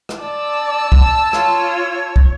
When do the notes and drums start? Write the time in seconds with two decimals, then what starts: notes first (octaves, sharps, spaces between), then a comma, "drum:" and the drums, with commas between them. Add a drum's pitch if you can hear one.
0.09 drum: rim click
0.20 D5 A5 E6
0.92 drum: kick
1.33 F4 C#5, drum: rim click
2.16 drum: kick